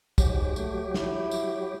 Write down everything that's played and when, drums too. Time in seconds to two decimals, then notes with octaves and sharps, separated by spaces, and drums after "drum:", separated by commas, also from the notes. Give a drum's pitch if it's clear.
0.18 G#2 F#3 G4, drum: kick, tambourine
0.56 A3, drum: tambourine
0.94 E4, drum: snare
1.31 drum: tambourine